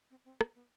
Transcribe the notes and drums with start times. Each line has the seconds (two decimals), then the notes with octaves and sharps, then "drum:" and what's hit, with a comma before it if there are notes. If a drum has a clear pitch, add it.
0.10 C4
0.25 C4
0.41 B3, drum: rim click
0.55 B3